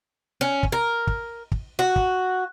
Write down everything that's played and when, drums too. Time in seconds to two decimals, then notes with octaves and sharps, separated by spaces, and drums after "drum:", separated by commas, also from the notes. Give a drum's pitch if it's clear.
0.41 C#4
0.63 drum: kick
0.72 A#4
1.07 drum: kick
1.52 drum: kick
1.79 F#4
1.96 drum: kick